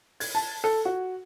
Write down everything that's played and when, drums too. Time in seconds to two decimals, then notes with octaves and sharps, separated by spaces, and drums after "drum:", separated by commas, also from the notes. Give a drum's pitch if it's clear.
0.20 G#6, drum: open hi-hat
0.35 A5
0.64 A4
0.85 F#4